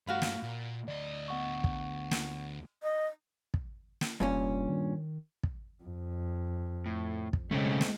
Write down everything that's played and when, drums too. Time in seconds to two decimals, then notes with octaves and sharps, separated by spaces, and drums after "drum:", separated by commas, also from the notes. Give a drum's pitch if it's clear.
0.07 G2 A3 F#4 F5 B5
0.22 drum: snare
0.43 A#2
0.88 D2 D5 D#5
1.28 B3 F#5 C#6
1.64 drum: kick
2.11 drum: snare
2.83 D#5
3.54 drum: kick
4.01 drum: snare
4.20 F1 G2 A#2 C#4
4.69 D#3
5.43 drum: kick
5.84 F2
6.86 A2
7.33 drum: kick
7.51 B1 C#3 G#3 A3 C4
7.81 drum: snare